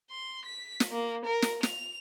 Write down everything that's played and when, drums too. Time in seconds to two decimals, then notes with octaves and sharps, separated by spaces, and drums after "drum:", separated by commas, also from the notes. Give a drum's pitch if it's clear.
0.11 C6
0.45 B6
0.80 drum: snare
0.92 A#3
1.25 A#4
1.42 drum: snare
1.63 F7, drum: snare